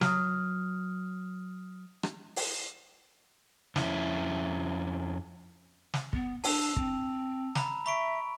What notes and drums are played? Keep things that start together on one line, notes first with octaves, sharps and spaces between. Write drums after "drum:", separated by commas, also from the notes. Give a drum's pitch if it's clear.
F#3 D#6 F6, drum: snare
drum: rim click
drum: open hi-hat
F2 C#4 E4, drum: snare
drum: snare
B3, drum: kick
D4 A5 E6 F7, drum: open hi-hat
C4, drum: kick
A#5 B5, drum: snare
E5 B5 C#6 D7